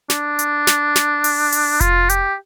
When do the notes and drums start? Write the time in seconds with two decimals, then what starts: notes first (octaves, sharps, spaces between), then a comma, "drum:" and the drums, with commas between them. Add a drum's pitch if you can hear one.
0.10 D4, drum: snare
0.39 drum: hi-hat
0.67 drum: snare
0.96 drum: snare
1.24 drum: open hi-hat
1.52 drum: open hi-hat
1.80 F4, drum: kick F1, hi-hat
2.09 G4, drum: hi-hat